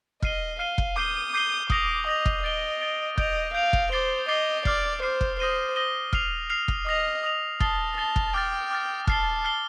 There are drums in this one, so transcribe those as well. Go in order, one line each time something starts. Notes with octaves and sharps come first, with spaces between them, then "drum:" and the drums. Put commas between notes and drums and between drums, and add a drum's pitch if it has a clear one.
D#5 F6 C7 D#7 G7, drum: kick
F5 F6 C7 D#7 G7
drum: kick
D6 D#6 G6 C7 D#7 G7
D6 G6 C7 D#7 G7
D6 D#6 A#6 F7, drum: kick
D#5 D#6 A#6 F7
drum: kick
D#5 A6 D7 G7
A6 D7 G7
D#5 G6 D7 F7, drum: kick
F5 G6 D7 F7
drum: kick
C5 D6 A6 C7 G7
D#5 D6 A6 C7 G7
D5 D6 F6 C7, drum: kick
C5 D6 F6 C7
drum: kick
C5 D#6 A#6 D#7 G7
D#6 A#6 D#7 G7
F6 C7 F7, drum: kick
F6 C7 F7
drum: kick
D#5 D#6 A#6 F7
D#6 A#6 F7
A5 D#6 A6 C7 G7, drum: kick
A5 D#6 A6 C7 G7
drum: kick
G5 D6 F6 A6
D6 F6 A6
A5 F6 C7 G7, drum: kick
F6 C7 G7